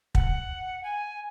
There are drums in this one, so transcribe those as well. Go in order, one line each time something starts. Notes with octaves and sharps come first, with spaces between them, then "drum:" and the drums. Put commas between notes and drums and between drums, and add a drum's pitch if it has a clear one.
F#5, drum: kick
G#5